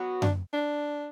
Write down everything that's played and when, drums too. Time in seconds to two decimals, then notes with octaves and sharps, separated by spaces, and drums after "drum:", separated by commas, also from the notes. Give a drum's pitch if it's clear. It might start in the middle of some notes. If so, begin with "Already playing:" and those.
Already playing: F#3 B3 F#4
0.22 D4, drum: tom F#2
0.53 D4